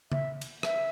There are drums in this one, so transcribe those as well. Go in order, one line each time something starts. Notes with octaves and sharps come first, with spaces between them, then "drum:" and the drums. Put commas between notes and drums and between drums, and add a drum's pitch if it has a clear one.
E5, drum: tom C#3
drum: cymbal
E5, drum: rim click